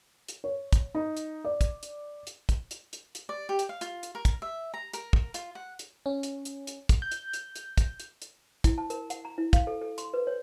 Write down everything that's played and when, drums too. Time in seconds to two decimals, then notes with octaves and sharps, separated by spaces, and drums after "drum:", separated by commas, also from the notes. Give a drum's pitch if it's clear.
0.28 drum: hi-hat
0.44 C#5
0.73 drum: kick, hi-hat
0.95 D#4
1.17 drum: hi-hat
1.45 D5
1.61 drum: kick, hi-hat
1.83 drum: hi-hat
2.27 drum: hi-hat
2.49 drum: kick, hi-hat
2.71 drum: hi-hat
2.93 drum: hi-hat
3.15 drum: hi-hat
3.29 D5
3.49 G4
3.59 drum: hi-hat
3.69 F5
3.81 F4, drum: hi-hat
4.03 drum: hi-hat
4.15 A#4
4.25 drum: kick, hi-hat
4.42 E5
4.74 A#5
4.93 A#4, drum: hi-hat
5.13 drum: kick
5.34 F4, drum: hi-hat
5.55 F#5
5.79 drum: hi-hat
6.06 C#4
6.23 drum: hi-hat
6.45 drum: hi-hat
6.67 drum: hi-hat
6.89 drum: kick, hi-hat
7.02 G6
7.11 drum: hi-hat
7.33 drum: hi-hat
7.55 drum: hi-hat
7.78 drum: kick, hi-hat
8.00 drum: hi-hat
8.22 drum: hi-hat
8.64 E4, drum: kick, hi-hat
8.78 A5
8.90 A#4, drum: hi-hat
9.10 F#5, drum: hi-hat
9.25 A#5
9.38 E4
9.53 F5, drum: kick, hi-hat
9.67 A4
9.81 A4
9.98 C6, drum: hi-hat
10.14 B4
10.27 C#5